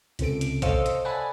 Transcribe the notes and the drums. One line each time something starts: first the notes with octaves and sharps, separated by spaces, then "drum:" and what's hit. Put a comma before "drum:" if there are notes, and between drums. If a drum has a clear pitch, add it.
C#2 C3 A4 D7, drum: hi-hat
drum: hi-hat
A4 C5 C#5 D#5 F5 E6, drum: kick, hi-hat
drum: hi-hat
D5 F#5 G#5 A5 B5